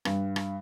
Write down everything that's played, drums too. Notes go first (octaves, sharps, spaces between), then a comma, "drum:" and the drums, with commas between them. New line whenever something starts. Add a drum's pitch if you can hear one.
G2, drum: rim click
drum: rim click